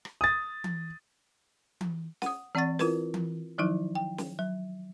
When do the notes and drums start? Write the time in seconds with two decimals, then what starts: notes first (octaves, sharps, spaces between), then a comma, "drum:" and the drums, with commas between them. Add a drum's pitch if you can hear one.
0.05 drum: rim click
0.21 D#6 A6
0.64 drum: tom E3
1.81 drum: tom E3
2.22 F#5 D#6, drum: snare
2.55 E3 C4 D5 F#5 C#6 A6
2.79 E4 F4 A#4 B4, drum: snare
3.14 drum: tom E3
3.58 D#3 F3 F#3 D#4 E4
3.95 G5
4.18 drum: snare
4.39 F#3